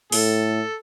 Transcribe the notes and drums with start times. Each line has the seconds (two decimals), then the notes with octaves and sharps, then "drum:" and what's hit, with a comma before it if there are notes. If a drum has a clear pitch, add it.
0.12 A2 A4, drum: open hi-hat